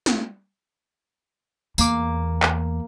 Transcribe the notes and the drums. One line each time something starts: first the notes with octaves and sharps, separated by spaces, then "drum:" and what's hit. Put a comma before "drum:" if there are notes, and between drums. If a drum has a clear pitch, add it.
drum: snare
E2 A#3 D6, drum: tambourine
drum: clap